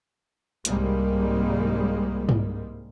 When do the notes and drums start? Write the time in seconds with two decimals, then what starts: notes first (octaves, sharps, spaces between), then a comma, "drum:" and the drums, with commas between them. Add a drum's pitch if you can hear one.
0.65 C2 G#2 G3 G#3 A#3, drum: hi-hat
2.29 drum: tom